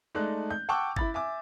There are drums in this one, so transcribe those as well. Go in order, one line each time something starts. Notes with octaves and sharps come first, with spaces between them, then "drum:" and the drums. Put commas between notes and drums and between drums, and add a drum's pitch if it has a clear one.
G#3 A3 D#4 D5 F#6
G6
F#5 G5 A5 C#6 D6 E6
E4 B5 A6, drum: kick G1
E5 G#5 D6